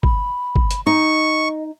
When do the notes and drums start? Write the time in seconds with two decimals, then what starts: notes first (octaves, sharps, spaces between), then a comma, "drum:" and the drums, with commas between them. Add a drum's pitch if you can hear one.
0.03 B5, drum: kick
0.56 drum: kick
0.71 drum: hi-hat
0.87 D#4 D#5 C#6